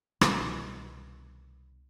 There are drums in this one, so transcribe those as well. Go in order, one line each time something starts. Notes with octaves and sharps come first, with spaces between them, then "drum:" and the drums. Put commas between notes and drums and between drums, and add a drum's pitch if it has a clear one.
C2 B2 D#3, drum: rim click